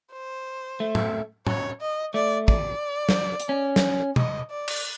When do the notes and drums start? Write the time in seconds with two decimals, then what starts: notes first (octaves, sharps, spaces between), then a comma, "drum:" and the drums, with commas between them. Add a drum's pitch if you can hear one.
0.12 C5
0.80 A3
0.95 drum: tom
1.47 C#5, drum: tom
1.81 D#5
2.14 A3 D5
2.48 D5, drum: kick
3.09 drum: snare
3.40 drum: hi-hat
3.49 C#4
3.76 drum: snare
4.16 D#5, drum: tom B2
4.50 D5
4.68 drum: cymbal